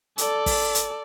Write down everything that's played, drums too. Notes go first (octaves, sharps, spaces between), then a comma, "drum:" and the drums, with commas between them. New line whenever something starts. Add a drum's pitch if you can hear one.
A4 D5, drum: hi-hat
drum: kick, open hi-hat
drum: hi-hat